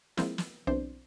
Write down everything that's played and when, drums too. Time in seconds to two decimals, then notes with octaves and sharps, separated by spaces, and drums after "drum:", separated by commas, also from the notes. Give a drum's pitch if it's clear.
0.17 F3 G#3 A#3 C4 E4, drum: snare
0.38 drum: snare
0.67 B1 E3 C4 D4 C5